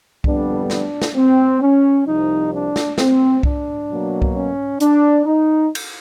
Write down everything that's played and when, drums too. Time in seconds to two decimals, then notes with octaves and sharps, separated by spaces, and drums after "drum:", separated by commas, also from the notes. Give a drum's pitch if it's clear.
0.24 F2 D3 G3 B3 D4, drum: kick C2
0.70 D4, drum: snare
1.02 drum: snare
1.16 C4
1.62 C#4
2.07 C2 C3 F3 D#4
2.52 D4
2.76 drum: snare
2.98 C4, drum: snare
3.43 D4, drum: kick C2
3.89 B2 F#3 A#3
4.22 drum: kick C2
4.35 C#4
4.80 D4, drum: hi-hat
5.26 D#4
5.75 drum: cymbal